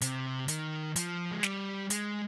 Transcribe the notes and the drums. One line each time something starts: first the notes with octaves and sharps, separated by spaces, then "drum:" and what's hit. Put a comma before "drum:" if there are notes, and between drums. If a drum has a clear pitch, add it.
C3, drum: hi-hat
D#3, drum: hi-hat
F3, drum: hi-hat
G#3
G3, drum: snare
G#3, drum: hi-hat